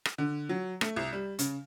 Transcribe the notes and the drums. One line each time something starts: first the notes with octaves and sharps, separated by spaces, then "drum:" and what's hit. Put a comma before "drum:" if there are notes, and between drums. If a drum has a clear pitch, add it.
drum: rim click
D3
F#3
A3, drum: rim click
C2
G3
C#3, drum: hi-hat